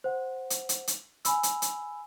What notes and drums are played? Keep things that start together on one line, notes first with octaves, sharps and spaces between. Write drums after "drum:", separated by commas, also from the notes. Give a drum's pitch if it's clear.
C5 F#5
drum: hi-hat
drum: hi-hat
drum: hi-hat
G#5 B5 E6, drum: hi-hat
drum: hi-hat
drum: hi-hat